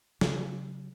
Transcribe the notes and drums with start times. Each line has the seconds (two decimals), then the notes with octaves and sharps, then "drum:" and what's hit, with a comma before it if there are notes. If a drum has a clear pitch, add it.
0.21 C#3 F#3, drum: snare